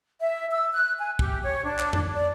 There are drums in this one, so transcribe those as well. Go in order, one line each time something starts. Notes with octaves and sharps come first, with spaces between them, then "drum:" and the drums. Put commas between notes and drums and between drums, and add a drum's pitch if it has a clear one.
E5
E6
F#6
G#5
G4, drum: kick
C#5
D4
drum: clap
drum: tom F2
D5